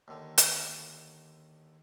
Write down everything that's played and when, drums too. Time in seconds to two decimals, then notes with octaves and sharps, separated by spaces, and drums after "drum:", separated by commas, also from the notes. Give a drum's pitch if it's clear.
0.08 D#2 D3
0.38 drum: hi-hat